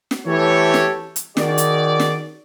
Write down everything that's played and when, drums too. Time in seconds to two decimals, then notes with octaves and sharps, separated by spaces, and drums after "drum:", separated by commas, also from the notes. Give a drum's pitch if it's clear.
0.11 drum: snare
0.27 E3 A3 G4 A4 C#5
0.74 drum: snare
1.16 drum: hi-hat
1.37 D#3 F#4 G#4 D5, drum: snare
1.58 drum: hi-hat
2.00 drum: snare